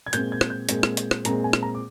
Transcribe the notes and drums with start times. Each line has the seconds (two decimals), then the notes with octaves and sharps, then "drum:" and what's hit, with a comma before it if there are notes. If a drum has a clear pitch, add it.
0.06 G#6
0.13 A#2 G#3 C4 G6, drum: hi-hat
0.32 G#6
0.41 drum: rim click
0.50 G6
0.69 A#2 G#3 C4, drum: hi-hat
0.83 drum: rim click
0.97 drum: hi-hat
1.11 drum: rim click
1.25 A#2 G#3 C4 A#5, drum: hi-hat
1.44 G#5
1.53 drum: rim click
1.63 A#5
1.75 D6